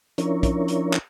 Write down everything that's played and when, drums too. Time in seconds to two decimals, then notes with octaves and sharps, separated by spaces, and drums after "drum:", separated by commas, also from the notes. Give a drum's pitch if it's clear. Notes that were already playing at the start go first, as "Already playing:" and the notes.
0.18 F3 C#4 D4 E4 A#4 C#5, drum: hi-hat
0.43 drum: kick, hi-hat
0.68 drum: hi-hat
0.93 drum: clap